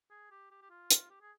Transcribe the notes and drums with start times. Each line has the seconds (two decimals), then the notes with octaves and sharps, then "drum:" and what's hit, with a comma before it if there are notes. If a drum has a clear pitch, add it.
0.11 G#4
0.31 G4
0.51 G4
0.62 G4
0.70 F4
0.91 drum: hi-hat
1.10 G4
1.21 G#4